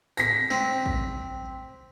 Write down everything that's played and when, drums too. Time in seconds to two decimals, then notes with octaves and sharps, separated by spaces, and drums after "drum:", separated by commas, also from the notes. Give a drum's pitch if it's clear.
0.17 A#6 B6, drum: tambourine
0.51 C4, drum: snare
0.86 drum: kick A1